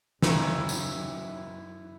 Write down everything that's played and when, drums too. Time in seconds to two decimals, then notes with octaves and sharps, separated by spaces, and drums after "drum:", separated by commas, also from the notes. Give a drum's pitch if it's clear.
0.22 F#2 A#2 D#3 E4, drum: snare
0.69 drum: tambourine